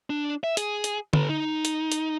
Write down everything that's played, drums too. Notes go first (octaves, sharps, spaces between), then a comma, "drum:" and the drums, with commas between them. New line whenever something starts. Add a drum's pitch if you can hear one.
D4
E5
G#4, drum: hi-hat
drum: hi-hat
A4 B4, drum: tom D3
D#4
drum: hi-hat
drum: hi-hat